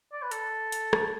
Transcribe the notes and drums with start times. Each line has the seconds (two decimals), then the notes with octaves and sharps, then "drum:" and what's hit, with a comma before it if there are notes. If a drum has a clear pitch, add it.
0.13 D5
0.22 B4
0.31 A4, drum: hi-hat
0.72 drum: hi-hat
0.93 drum: rim click